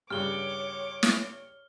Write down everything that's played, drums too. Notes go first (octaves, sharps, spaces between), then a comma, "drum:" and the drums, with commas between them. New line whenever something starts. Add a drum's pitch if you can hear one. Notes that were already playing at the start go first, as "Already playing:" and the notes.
G2 C#3 C#5 D6 F6 G7
drum: snare